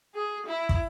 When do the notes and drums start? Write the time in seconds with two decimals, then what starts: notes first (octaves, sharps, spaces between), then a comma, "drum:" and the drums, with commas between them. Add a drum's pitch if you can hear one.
0.15 G#4
0.47 E4
0.69 drum: kick